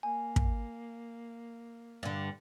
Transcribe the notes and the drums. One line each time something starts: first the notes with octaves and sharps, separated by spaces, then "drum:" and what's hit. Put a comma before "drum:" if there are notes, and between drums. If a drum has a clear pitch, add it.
A#3 G#5
drum: kick
G2 D3